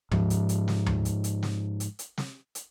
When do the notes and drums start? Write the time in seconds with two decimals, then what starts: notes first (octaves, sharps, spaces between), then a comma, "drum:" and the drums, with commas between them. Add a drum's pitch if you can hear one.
0.11 G#2 F3, drum: tom D2
0.30 drum: hi-hat
0.49 drum: hi-hat
0.68 drum: snare
0.86 drum: tom D2
1.05 drum: hi-hat
1.24 drum: hi-hat
1.43 drum: snare
1.80 drum: hi-hat
1.99 drum: hi-hat
2.18 drum: snare
2.55 drum: hi-hat